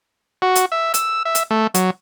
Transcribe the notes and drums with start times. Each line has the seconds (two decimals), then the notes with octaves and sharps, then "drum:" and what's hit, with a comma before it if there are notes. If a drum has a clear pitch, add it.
0.42 F#4
0.55 drum: hi-hat
0.72 E5
0.94 E6, drum: hi-hat
1.25 E5
1.35 drum: hi-hat
1.51 A3
1.74 F#3, drum: hi-hat